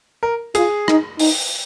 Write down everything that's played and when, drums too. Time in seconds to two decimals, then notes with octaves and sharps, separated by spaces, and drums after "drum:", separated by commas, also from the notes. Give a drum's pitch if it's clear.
0.23 A#4
0.55 F4 G#4, drum: hi-hat
0.88 D#4, drum: rim click
1.19 D#4, drum: open hi-hat